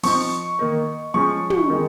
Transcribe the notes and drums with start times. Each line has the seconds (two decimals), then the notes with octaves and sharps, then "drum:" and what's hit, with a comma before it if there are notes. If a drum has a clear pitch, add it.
0.03 F3 C4 D#4 C#6, drum: open hi-hat
0.59 D#3 A#3 D#4
1.14 F3 G#3 C#4 C#6
1.50 drum: tom
1.70 D#3 G#3